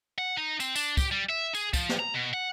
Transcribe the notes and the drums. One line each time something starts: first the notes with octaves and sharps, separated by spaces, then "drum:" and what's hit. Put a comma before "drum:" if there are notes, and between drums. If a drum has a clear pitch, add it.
F#5
D#4
C4, drum: tambourine
D4, drum: tambourine
G4, drum: kick, tambourine
G3
E5
G#4, drum: tambourine
F3, drum: kick, tambourine
drum: snare
A#5
B2
F#5